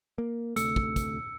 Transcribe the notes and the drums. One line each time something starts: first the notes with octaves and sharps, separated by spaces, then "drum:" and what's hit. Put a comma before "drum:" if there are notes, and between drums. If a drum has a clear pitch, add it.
A#3
D2 C3 A3 E6 C#7, drum: hi-hat
drum: kick
drum: kick, hi-hat